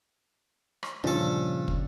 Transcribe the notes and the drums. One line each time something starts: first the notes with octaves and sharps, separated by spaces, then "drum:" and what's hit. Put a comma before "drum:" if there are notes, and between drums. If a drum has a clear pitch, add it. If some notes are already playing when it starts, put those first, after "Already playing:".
drum: rim click
G2 A#2 C#3 F3 C#4 D4 A4
drum: kick